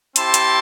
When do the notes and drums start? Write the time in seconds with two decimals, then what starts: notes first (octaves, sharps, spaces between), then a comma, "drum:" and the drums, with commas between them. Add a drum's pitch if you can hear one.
0.16 C4 E4 G4 A5 C6, drum: hi-hat
0.34 drum: hi-hat